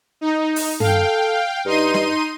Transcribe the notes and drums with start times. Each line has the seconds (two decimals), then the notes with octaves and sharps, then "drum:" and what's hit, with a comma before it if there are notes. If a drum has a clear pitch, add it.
0.21 D#4
0.56 drum: open hi-hat
0.80 A4 F5 G5, drum: tom
1.66 G2 D#4 C6 D#7
1.94 drum: snare